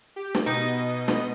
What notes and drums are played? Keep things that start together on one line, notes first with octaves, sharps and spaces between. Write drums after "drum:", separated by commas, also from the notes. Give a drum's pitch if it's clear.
G4
drum: snare
B2 D#4 D#5
drum: snare